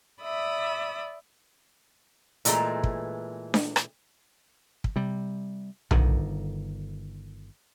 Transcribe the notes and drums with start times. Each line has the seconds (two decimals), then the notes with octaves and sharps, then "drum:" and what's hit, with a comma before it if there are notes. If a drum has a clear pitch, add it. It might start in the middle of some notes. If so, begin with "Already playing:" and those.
0.22 D5 E5 B5 D#6
2.45 A#2 E3 G#3 A3 A#5, drum: hi-hat
2.84 drum: kick
3.54 drum: snare
3.76 drum: rim click
4.84 drum: kick
4.96 C3 G3
5.91 G1 D3 D#3, drum: tom B1